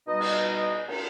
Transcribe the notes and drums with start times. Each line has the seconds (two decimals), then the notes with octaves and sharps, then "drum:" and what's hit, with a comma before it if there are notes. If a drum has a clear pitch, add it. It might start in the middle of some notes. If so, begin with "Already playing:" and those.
0.08 B2 G3 D#4 D#5
0.20 drum: cymbal
0.88 drum: cymbal